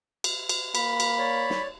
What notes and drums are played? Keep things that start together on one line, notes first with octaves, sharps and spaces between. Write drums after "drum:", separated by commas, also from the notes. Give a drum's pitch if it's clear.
drum: cymbal
drum: cymbal
A#3 B5, drum: cymbal
drum: cymbal
C#5 D5
drum: snare